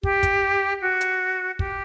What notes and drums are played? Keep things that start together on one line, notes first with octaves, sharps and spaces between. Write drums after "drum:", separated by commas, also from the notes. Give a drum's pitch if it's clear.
G4, drum: kick
drum: kick, hi-hat
F#4
drum: hi-hat
G4, drum: kick